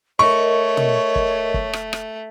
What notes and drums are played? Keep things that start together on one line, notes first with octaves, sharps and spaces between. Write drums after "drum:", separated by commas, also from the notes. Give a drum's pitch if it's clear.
A3 A#4 C#5 D#5 C#6
drum: tom
drum: kick
drum: kick
drum: rim click
drum: rim click